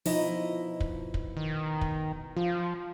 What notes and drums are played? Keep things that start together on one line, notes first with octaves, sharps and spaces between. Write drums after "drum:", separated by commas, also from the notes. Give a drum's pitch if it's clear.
B2 F3 D#4 E4 D#5, drum: open hi-hat
drum: kick
drum: kick
D#3
drum: kick
F3 F4